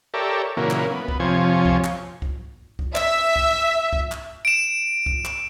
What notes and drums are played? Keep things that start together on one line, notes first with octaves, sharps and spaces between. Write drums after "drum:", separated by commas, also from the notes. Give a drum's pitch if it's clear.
G4 A4 A#4 C#5 D5 E5
A#2 C#3 E3 F#3 A#3
drum: clap
B3
drum: kick
F2 C3 F3 C#5 G#5
drum: kick
drum: clap
drum: kick
drum: kick
E5, drum: clap
drum: kick
drum: kick
drum: clap
D7 E7
drum: kick
drum: clap